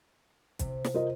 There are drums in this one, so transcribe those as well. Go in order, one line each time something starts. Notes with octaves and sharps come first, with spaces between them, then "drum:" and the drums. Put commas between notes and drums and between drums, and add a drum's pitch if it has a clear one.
C3, drum: kick, hi-hat
drum: snare
F4 A#4 D#5